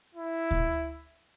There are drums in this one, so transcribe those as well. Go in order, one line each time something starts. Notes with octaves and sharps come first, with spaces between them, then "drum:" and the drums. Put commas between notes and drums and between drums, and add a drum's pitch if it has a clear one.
E4
drum: kick D2